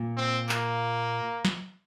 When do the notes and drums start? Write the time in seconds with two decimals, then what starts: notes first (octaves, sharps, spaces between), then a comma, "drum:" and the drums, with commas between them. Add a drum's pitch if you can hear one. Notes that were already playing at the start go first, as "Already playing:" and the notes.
Already playing: A#2
0.17 C4
0.49 A#3, drum: clap
1.45 drum: snare